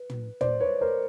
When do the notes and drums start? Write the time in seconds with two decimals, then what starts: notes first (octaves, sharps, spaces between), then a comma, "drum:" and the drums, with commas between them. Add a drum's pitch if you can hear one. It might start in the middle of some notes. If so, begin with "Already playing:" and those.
Already playing: B4
0.10 drum: tom
0.41 C5 D5, drum: tom
0.61 B4 C#5
0.81 A#4 C5